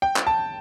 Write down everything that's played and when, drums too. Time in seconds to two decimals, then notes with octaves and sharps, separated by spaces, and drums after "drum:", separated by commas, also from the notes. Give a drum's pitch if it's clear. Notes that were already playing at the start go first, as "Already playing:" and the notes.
0.02 G5
0.16 drum: clap
0.27 A5